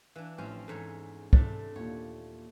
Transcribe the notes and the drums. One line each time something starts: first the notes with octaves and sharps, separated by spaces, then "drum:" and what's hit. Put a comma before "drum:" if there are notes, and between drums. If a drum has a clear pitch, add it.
E3 D4 F5
A1 F3 C4 C#4
E2 G#2 A4 C#5
C3 A3 D4 A6, drum: kick
D#2 A#2 C#5